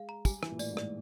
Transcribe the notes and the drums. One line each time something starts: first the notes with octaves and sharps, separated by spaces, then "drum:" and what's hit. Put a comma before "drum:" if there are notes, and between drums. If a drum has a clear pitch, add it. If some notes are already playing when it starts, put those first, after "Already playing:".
Already playing: G#3 F5
A#5
G3 G#5, drum: kick, tambourine
E3 G#5, drum: rim click
A#2
A2 D5, drum: tambourine
G#2
D5, drum: rim click